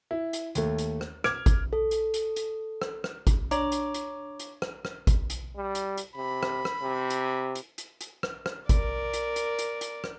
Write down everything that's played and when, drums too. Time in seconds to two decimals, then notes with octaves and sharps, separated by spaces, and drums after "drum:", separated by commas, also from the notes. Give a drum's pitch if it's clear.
0.11 E4
0.33 drum: hi-hat
0.55 D#2 A3, drum: hi-hat
0.78 drum: hi-hat
1.01 drum: rim click
1.24 D6 F6 G#6 D7, drum: rim click
1.46 drum: kick G1, hi-hat
1.73 A4
1.91 drum: hi-hat
2.14 drum: hi-hat
2.36 drum: hi-hat
2.82 drum: rim click
3.04 drum: rim click
3.27 drum: kick G1, hi-hat
3.51 D4 C#5 A#5 D6, drum: hi-hat
3.72 drum: hi-hat
3.94 drum: hi-hat
4.40 drum: hi-hat
4.62 drum: rim click
4.85 drum: rim click
5.07 drum: kick G1, hi-hat
5.30 drum: hi-hat
5.56 G3
5.75 drum: hi-hat
5.97 drum: hi-hat
6.16 C3 B5
6.43 drum: rim click
6.65 drum: rim click
6.82 C3
7.10 drum: hi-hat
7.55 drum: hi-hat
7.78 drum: hi-hat
8.01 drum: hi-hat
8.23 drum: rim click
8.46 drum: rim click
8.69 A#4 D5, drum: kick G1, hi-hat
9.13 drum: hi-hat
9.36 drum: hi-hat
9.59 drum: hi-hat
9.81 drum: hi-hat
10.04 drum: rim click